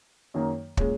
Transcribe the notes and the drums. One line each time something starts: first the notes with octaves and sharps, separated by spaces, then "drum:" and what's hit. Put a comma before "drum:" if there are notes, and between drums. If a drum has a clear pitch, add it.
F#2 D#3 F#3 A#3
A#2 G#3 C#4, drum: kick